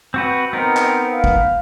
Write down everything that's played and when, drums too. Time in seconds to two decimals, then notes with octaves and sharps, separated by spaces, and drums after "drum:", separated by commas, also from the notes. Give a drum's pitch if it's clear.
0.14 C4 F#4 B4
0.53 B3 C4 D#4 A#4
0.77 drum: clap
1.13 F5
1.24 drum: kick